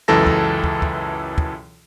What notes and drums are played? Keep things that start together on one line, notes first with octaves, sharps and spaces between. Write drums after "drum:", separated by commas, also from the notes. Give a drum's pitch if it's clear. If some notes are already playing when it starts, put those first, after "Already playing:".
C#2 F#2 E3 A4 A5 A#6
drum: kick
drum: kick
drum: kick
drum: kick